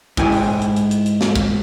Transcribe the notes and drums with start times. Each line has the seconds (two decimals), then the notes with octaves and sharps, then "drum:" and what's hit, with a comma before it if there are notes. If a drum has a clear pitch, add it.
0.17 G#2 E4 G5 G#5, drum: kick, hi-hat
0.32 drum: open hi-hat
0.62 drum: hi-hat
0.76 drum: hi-hat
0.91 drum: hi-hat
1.06 drum: hi-hat
1.21 drum: snare
1.35 drum: kick, hi-hat